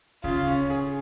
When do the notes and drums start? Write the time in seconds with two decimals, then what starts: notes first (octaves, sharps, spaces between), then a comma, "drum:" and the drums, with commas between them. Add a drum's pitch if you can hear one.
0.24 C#3 F4, drum: kick D2
0.47 C#4
0.70 G#4